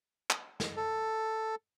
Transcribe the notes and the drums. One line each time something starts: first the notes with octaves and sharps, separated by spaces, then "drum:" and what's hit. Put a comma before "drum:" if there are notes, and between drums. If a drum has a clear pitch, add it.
drum: clap
drum: snare
A4